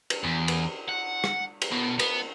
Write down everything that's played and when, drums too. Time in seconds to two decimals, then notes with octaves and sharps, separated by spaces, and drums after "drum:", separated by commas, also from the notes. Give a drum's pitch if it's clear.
0.10 drum: cymbal
0.24 E2
0.48 drum: cymbal
0.89 F#5
1.24 drum: rim click
1.62 drum: cymbal
1.72 B2
1.99 B3, drum: cymbal